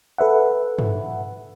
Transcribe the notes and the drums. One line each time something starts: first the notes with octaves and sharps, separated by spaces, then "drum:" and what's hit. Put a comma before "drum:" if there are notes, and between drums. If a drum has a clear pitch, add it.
A4 B4 E5 F#5
drum: tom G2